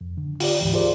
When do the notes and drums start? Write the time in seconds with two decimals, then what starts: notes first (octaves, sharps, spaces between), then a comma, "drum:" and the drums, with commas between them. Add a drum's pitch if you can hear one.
0.01 F2
0.17 D3
0.40 F4 G4 D5, drum: open hi-hat
0.60 D2 G#2 E3 G4
0.73 F4 G#4 A#4 C5 D5